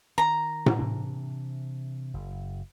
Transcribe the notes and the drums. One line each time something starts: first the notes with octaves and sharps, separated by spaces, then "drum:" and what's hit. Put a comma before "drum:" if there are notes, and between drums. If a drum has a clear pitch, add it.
D#3 A#5
drum: tom A2
C3 E3 D4
F#1